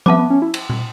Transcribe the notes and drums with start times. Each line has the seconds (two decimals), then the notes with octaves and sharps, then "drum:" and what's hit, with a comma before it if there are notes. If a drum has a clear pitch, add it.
0.06 B3 E5 A5 D6, drum: tom F3
0.19 B3
0.30 C#4
0.42 E4
0.54 drum: cymbal
0.70 drum: tom